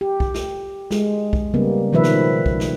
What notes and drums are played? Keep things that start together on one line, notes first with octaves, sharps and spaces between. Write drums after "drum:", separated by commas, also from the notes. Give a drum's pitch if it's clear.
G4
drum: kick
drum: snare
G#3, drum: snare
drum: kick
C#3 G3 A#3 B3
B2 D#3 F3 B4 E5
drum: snare
drum: kick
drum: snare